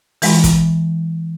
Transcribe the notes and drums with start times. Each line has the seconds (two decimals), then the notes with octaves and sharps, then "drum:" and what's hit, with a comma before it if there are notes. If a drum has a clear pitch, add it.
0.22 E3 G#3 B5, drum: open hi-hat
0.44 drum: kick, hi-hat